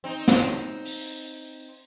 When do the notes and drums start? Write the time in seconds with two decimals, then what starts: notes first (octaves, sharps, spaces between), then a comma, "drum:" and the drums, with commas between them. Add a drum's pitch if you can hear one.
0.04 C4 D#4
0.28 drum: snare
0.85 drum: open hi-hat